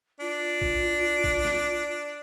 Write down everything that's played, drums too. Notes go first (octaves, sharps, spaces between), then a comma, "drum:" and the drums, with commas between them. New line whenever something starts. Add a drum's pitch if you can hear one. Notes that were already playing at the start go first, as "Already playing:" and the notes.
D4 F4
drum: kick A#1
drum: kick A#1
drum: snare